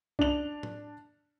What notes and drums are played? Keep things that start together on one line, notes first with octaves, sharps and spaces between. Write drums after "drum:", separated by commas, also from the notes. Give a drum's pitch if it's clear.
D4 F7, drum: kick B1
drum: tom A2